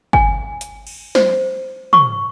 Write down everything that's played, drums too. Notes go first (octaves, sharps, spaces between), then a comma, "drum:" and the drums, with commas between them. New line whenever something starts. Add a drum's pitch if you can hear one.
G#5, drum: kick G1
drum: hi-hat
drum: cymbal
C5, drum: snare
C#6, drum: tom